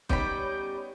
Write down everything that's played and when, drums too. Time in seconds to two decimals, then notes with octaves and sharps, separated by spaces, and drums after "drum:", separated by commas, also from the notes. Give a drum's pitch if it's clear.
0.09 G3 B3 C#4 D#4 D5 B5 G6, drum: kick